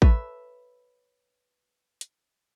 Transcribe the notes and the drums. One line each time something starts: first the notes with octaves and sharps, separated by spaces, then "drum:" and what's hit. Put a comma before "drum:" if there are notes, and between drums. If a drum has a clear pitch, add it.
A4 B4 C#5 E5, drum: kick A1
drum: hi-hat